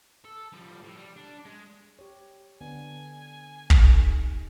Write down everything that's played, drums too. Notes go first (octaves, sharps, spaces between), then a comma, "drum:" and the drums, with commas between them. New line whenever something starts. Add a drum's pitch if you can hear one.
A4
F3 G3
A2
G3
D4
G#3
G4 C#5
D3 B3 D4 G#5
drum: kick
C3 D#4 A4